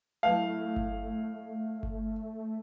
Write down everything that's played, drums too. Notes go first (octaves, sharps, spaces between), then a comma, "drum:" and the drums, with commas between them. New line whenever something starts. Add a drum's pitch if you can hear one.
A2 F#3 A3 B4 F5 A5
drum: kick G1
drum: kick G1